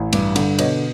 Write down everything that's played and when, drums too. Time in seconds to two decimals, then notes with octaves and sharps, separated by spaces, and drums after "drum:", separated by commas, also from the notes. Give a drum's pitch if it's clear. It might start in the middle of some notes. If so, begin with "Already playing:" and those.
Already playing: A1
0.13 G2, drum: cymbal
0.36 D3, drum: cymbal
0.59 B2 C#5 D#5, drum: cymbal